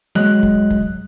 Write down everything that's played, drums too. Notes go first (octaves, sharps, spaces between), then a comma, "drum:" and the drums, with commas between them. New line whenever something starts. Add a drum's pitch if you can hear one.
F#3 G#3 D#5 F#6, drum: snare
drum: kick
drum: kick